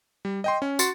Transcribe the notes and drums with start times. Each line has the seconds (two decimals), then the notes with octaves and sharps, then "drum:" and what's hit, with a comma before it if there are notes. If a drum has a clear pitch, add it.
0.25 G3
0.44 D#5 G5 C6
0.62 C#4
0.79 F#4 C6 A6 C#7, drum: tambourine